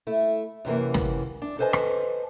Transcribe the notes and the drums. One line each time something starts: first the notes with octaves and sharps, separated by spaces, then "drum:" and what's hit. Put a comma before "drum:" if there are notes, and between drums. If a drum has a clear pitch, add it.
A3 E4
F#2 C3 E3 A#3
drum: snare
D4
A4 B4 C5 D#5 G#5 A5
drum: rim click